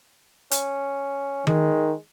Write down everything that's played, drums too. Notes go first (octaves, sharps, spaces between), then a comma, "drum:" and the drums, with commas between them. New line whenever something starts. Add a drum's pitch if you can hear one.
C#4, drum: hi-hat
D#3 G#3, drum: tom D#3